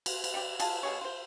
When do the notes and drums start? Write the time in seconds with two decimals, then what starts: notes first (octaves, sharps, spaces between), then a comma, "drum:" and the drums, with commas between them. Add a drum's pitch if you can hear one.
0.06 drum: cymbal
0.24 drum: cymbal
0.34 G3 G4
0.60 F4 G#4 D#5 A5, drum: cymbal
0.83 B2 G#4 C#5
1.01 F4 C5